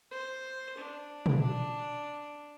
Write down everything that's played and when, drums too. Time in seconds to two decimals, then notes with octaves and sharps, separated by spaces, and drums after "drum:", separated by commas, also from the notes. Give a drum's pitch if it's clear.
0.11 C5
0.78 D4
1.26 drum: tom
1.41 D4